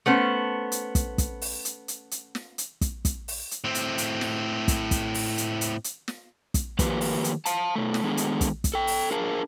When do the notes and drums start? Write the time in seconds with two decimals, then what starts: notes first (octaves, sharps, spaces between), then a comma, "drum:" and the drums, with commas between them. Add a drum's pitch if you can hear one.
0.06 A3 B3 C#4 C5
0.72 drum: hi-hat
0.95 drum: kick, hi-hat
1.18 drum: kick, hi-hat
1.42 drum: open hi-hat
1.65 drum: hi-hat
1.88 drum: hi-hat
2.11 drum: hi-hat
2.35 drum: snare
2.58 drum: hi-hat
2.81 drum: kick, hi-hat
3.05 drum: kick, hi-hat
3.28 drum: open hi-hat
3.51 drum: hi-hat
3.64 A2 C4
3.75 drum: hi-hat
3.98 drum: hi-hat
4.21 drum: snare
4.68 drum: kick, hi-hat
4.91 drum: kick, hi-hat
5.14 drum: open hi-hat
5.38 drum: hi-hat
5.61 drum: hi-hat
5.84 drum: hi-hat
6.08 drum: snare
6.54 drum: kick, hi-hat
6.79 D#3 F3 A3 A#3 G4 B4, drum: kick, hi-hat
7.01 drum: open hi-hat
7.24 drum: hi-hat
7.46 F5 A5, drum: hi-hat
7.76 B2 A3
7.94 drum: snare
8.04 D#3 G#3 B3 D4 G#4 A4
8.17 drum: hi-hat
8.41 drum: kick, hi-hat
8.64 drum: kick, hi-hat
8.74 A4 G5
8.87 drum: open hi-hat
9.11 D4 G#4 A#4 F5 A5